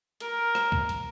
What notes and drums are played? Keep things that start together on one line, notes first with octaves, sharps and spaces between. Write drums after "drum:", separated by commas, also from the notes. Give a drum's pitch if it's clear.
A#4, drum: hi-hat
drum: rim click
drum: kick
drum: hi-hat